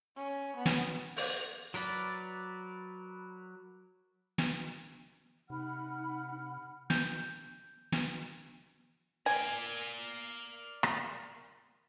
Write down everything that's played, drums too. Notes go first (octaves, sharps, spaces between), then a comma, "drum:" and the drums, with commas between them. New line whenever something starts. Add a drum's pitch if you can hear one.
C#4
B3
drum: snare
drum: open hi-hat
F#3 A#4 B4 D5, drum: hi-hat
drum: snare
C3 D#4 F#5 B5 F6
G6, drum: snare
drum: snare
A#4 D5 G#5
drum: rim click